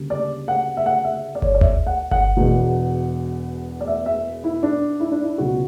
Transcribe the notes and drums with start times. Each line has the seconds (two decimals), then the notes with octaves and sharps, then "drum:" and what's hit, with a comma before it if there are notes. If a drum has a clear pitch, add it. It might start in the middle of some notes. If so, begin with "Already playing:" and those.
Already playing: D2 C#3 G3 A#3
0.10 D5
0.48 F#5
0.77 E5
0.86 F#5
1.05 E5
1.35 D5
1.42 C#5, drum: kick G1
1.55 D5
1.61 E5, drum: tom D2
1.86 F#5
2.11 F#5, drum: kick G1
2.37 E1 E2 B2
3.81 D5
3.87 E5
4.06 E5
4.44 E4
4.63 D4
5.00 E4
5.12 D4
5.23 E4
5.38 C#2 B2 F#3 F#4